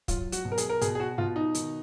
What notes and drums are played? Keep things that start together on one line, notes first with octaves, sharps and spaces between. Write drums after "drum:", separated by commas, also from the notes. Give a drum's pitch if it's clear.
F#3 F4, drum: kick, hi-hat
F#4, drum: hi-hat
B2
A#4
G#4, drum: hi-hat
A#4
B2 G#4, drum: hi-hat
G#4
F#4
B2 F4
D#4
D#3, drum: hi-hat